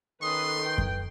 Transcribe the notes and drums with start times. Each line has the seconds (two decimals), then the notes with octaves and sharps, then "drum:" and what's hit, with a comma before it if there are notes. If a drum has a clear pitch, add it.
0.22 D#3 C#4 A4 B4 C6 D#6
0.63 B4 G5
0.78 drum: kick F#2